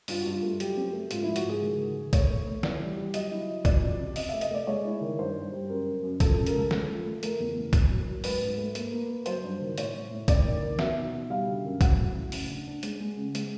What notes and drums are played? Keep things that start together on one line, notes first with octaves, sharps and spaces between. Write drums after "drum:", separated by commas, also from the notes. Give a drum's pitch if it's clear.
G2 F4, drum: open hi-hat
F#4
G2 F4
A3
F#3 G4, drum: hi-hat
C4
A3
G#2 F4, drum: hi-hat
F3 E4
F#4, drum: hi-hat
G#2 G#4
D#3
D#3
D#3
A3 C#5, drum: kick, hi-hat
A3
A3
E3 D5, drum: snare
G3
G3
F#3 D#5, drum: hi-hat
E4
F#3
F2 D5, drum: kick, hi-hat
F2
C3
C3 D#5, drum: open hi-hat
A3 E5
D#5, drum: hi-hat
A3 D5
G#3 C#5
E4
D#3
G2 C5
G2
G3
F#2 A#4
F#2
F#2
F3 A4, drum: kick, hi-hat
C#3 A4
A#4, drum: hi-hat
G#3 A4
A3 A4, drum: snare
F3
A3
A3 A#4, drum: hi-hat
E2
E2
A2, drum: kick, hi-hat
F#3
F#3
G#2 B4, drum: open hi-hat
G#2
A3
A#3, drum: hi-hat
A#3
A#3
F#3 C5, drum: hi-hat
G2
D#3
A2 C#5, drum: hi-hat
A2
A2
C4 D5, drum: kick, hi-hat
D#3
D#3
B2 E5, drum: snare
D#4
B2
G3 F5
D3
F#2
F#3 F#5, drum: kick, hi-hat
A2
A2
C#3, drum: open hi-hat
D4
D4
G#3, drum: hi-hat
G#3
C#3
G#3, drum: hi-hat